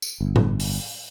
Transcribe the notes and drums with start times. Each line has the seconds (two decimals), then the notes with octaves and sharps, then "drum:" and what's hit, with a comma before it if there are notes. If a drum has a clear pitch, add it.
0.02 drum: tambourine
0.21 G1
0.36 drum: tom A2
0.60 drum: open hi-hat